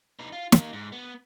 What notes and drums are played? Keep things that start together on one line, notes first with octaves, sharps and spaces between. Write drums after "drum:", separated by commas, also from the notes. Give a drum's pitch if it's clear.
D#4 B4
F4
A#3 D#4, drum: snare
G#2
B3